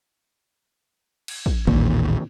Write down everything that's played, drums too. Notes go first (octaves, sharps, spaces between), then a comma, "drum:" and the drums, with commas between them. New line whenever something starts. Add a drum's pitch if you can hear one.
drum: cymbal
drum: kick
A1 D#2 A#2, drum: kick